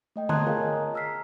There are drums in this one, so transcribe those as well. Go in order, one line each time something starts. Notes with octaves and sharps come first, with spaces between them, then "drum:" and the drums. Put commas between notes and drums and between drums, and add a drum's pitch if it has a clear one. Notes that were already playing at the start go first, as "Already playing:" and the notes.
A3 D#5 G5
A5 A#5 C6 D#6 F#6 G#6, drum: tom D3
F4 G#4 A#4 C#5 F5 G#5
D#5 A#5
A#5 E6 F6 B6 C7